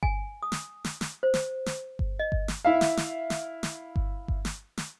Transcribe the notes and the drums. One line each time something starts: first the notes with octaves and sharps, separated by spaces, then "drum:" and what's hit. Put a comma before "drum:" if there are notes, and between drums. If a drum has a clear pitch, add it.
G#5, drum: kick G1
D#6
drum: snare
drum: snare
drum: snare
C5
drum: snare
drum: snare
drum: kick G1
D#5
drum: kick G1
drum: snare
E4 E5 F5
drum: snare
drum: snare
drum: snare
drum: snare
drum: kick G1
drum: kick G1
drum: snare
drum: snare